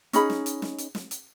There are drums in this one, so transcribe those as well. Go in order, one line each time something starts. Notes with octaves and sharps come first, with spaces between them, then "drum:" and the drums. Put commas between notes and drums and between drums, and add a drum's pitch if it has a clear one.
C#4 D#4 G#4 B5, drum: hi-hat
drum: snare
drum: hi-hat
drum: snare
drum: hi-hat
drum: snare
drum: hi-hat